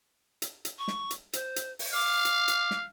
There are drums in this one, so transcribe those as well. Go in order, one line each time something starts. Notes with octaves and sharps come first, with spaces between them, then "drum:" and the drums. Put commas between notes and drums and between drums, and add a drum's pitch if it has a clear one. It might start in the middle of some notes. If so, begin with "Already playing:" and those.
drum: hi-hat
drum: hi-hat
C#6
drum: snare
drum: hi-hat
C5, drum: hi-hat
drum: hi-hat
drum: open hi-hat
F5 D6
drum: hi-hat
drum: hi-hat
drum: snare